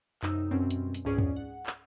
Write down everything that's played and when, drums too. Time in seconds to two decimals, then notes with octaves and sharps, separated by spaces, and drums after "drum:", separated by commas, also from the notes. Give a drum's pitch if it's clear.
0.23 F#2 C3 D#4 E6, drum: clap
0.51 F#2 B2 G3 C4 C#4
0.71 drum: hi-hat
0.94 drum: hi-hat
1.05 C#2 G#2 C#4 G#4 D5
1.18 drum: tom E2
1.36 F#5
1.66 drum: clap